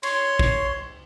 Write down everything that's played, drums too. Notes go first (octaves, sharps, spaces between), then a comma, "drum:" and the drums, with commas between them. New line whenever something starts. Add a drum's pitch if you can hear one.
C#5 C6, drum: cymbal
drum: kick A1